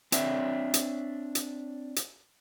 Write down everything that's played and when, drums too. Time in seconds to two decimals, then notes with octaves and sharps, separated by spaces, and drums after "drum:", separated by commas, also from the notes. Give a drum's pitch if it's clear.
0.12 C4 D4 C#5 E5, drum: hi-hat
0.74 drum: hi-hat
1.35 drum: hi-hat
1.96 drum: hi-hat